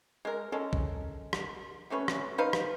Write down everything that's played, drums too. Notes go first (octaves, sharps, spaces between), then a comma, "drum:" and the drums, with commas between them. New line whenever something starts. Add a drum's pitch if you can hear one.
G#3 A#4
G#3 C#4 A4 A#4
drum: kick
drum: rim click
C3 A3 C#4 B4
drum: rim click
D#4 B4 C5 F5
drum: rim click